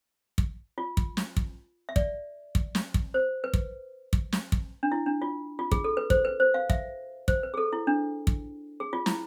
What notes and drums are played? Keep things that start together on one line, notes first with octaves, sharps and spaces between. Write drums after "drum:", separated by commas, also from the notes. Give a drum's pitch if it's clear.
drum: kick
F4
drum: kick
drum: snare
drum: kick
E5
D5, drum: kick
drum: kick
drum: snare
drum: kick
C5
B4
drum: kick
drum: kick
drum: snare
drum: kick
D4
E4
D4
F4
F4
G#4, drum: kick
A4
B4
C5, drum: kick
B4
C5
F5
E5, drum: kick
C5, drum: kick
B4
G#4
A4
E4
D4
drum: kick
G#4
F4
E4, drum: snare